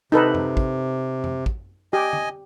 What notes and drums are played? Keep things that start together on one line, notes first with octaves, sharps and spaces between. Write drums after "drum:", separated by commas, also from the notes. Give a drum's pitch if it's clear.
C3 D#4 A4 B4
drum: tom F2
drum: kick
drum: tom F2
drum: kick
G4 D#5 G#5
drum: tom